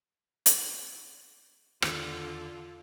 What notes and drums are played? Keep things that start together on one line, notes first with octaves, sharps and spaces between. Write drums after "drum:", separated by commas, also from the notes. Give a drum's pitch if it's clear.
drum: hi-hat
E2 D3 D#3 F4, drum: rim click